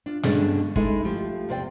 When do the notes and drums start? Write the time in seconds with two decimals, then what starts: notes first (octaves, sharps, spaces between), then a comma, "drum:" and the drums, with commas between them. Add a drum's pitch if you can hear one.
0.06 D4 F4
0.23 G2 B2 D3 G#3 C#4 D4, drum: snare
0.76 G#3 A3 D#4 E4 A4, drum: kick
1.05 F3 A3 G4
1.49 E2 C3 C5 D5 G5